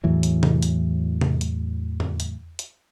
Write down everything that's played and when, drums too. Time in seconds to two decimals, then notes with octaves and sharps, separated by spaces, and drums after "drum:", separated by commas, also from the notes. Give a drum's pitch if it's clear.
0.04 E2 A2 E3 F#3
0.23 drum: hi-hat
0.43 drum: tom C3
0.62 drum: hi-hat
1.21 drum: tom C3
1.41 drum: hi-hat
2.00 drum: tom E2
2.20 drum: hi-hat
2.59 drum: hi-hat